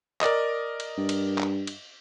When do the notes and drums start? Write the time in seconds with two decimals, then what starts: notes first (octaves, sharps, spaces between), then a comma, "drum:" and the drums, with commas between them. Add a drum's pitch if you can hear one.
0.21 A#4 D5 D#5, drum: clap
0.80 drum: cymbal
0.97 G2
1.09 drum: cymbal
1.38 drum: clap
1.67 drum: cymbal